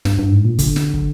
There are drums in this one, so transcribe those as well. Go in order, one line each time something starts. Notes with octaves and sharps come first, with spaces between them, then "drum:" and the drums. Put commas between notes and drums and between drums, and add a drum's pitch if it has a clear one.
G2, drum: snare
G2
G#2
A#2
D3, drum: kick, hi-hat
drum: snare
drum: kick